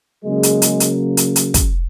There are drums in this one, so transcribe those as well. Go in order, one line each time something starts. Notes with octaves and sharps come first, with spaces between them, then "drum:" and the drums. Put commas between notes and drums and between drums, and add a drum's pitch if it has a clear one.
C#3 F#3 G#3 A#3 G#4
drum: hi-hat
drum: hi-hat
drum: hi-hat
drum: hi-hat
drum: hi-hat
drum: kick, hi-hat